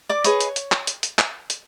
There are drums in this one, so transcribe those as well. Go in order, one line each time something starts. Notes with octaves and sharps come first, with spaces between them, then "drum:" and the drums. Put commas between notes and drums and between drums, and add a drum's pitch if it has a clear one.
D5 D6
G#4 B4 C#5 D#5 C#6, drum: hi-hat
drum: hi-hat
drum: hi-hat
drum: clap
drum: hi-hat
drum: hi-hat
drum: clap
drum: hi-hat